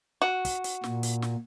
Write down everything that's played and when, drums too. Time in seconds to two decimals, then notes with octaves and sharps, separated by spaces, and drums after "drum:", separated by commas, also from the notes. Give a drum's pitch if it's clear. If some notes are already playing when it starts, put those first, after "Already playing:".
0.22 F#4
0.45 drum: kick, hi-hat
0.64 drum: hi-hat
0.84 A#2, drum: snare
1.03 drum: hi-hat
1.22 drum: snare